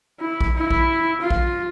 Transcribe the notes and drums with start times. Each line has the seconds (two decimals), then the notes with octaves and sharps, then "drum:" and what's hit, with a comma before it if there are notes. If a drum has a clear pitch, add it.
0.20 E4
0.41 drum: kick A#1
0.56 E4
0.71 drum: kick A#1
1.21 F4
1.30 drum: kick A#1